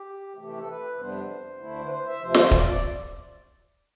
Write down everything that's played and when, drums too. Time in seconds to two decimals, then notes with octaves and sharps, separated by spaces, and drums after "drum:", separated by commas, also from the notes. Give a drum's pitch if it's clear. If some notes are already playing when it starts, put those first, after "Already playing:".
Already playing: G4
0.37 C3 E3 A3 G4
0.48 G4
0.58 A4
0.68 B4
0.98 F2 C3 G3 B3 D4 C5
1.60 D2 D3 A3 E4
1.86 B4
1.91 C5
2.06 E5
2.21 D2 C3 F3 C5
2.34 F5, drum: snare
2.43 E5
2.51 D5, drum: kick
2.67 D5